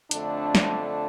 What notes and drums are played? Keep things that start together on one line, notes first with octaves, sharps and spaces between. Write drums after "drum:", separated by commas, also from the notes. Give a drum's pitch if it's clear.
F2 D3 A3 D4, drum: hi-hat
drum: snare